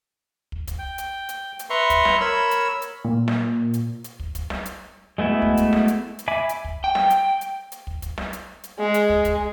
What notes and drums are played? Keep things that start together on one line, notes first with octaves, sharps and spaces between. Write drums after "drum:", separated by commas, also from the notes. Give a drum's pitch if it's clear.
drum: kick
drum: kick, hi-hat
G5
drum: hi-hat
drum: hi-hat
drum: hi-hat
B4 E5 A#5 C6 C#6
drum: kick, hi-hat
drum: snare
A#4 C#5 B5 E6
drum: hi-hat
drum: hi-hat
A#2
drum: snare
drum: hi-hat
drum: hi-hat
drum: kick
drum: kick, hi-hat
drum: snare
drum: hi-hat
G#3 A3 B3 E4 F#4
drum: kick
drum: kick, hi-hat
drum: snare
drum: hi-hat
drum: hi-hat
E5 G#5 B5 D6
drum: hi-hat
drum: kick
G5
drum: snare
drum: hi-hat
drum: hi-hat
drum: hi-hat
drum: kick
drum: kick, hi-hat
drum: snare
drum: hi-hat
drum: hi-hat
G#3
drum: hi-hat
drum: kick
drum: kick, hi-hat